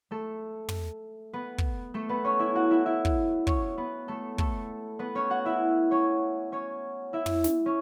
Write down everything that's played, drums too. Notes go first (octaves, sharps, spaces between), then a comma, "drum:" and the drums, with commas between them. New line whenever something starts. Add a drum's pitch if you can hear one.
A3 A4
drum: tom
B3 B4
drum: kick
A3 A4
B3 B4
C#4 C#5
E4 E5
F#4 F#5
E4 E5
E4 E5
drum: kick
C#4 C#5, drum: kick
B3 B4
A3 A4
A3 A4, drum: kick
B3 B4
C#4 C#5
F#4 F#5
E4 E5
C#4 C#5
C#4 C#5
E4 E5
drum: tom
drum: snare
C#4